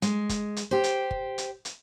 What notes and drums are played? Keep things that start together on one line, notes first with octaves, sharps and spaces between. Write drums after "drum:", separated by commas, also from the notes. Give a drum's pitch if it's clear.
G#3, drum: hi-hat
drum: kick, hi-hat
drum: hi-hat
G4 C5
drum: hi-hat
drum: kick
drum: hi-hat
drum: hi-hat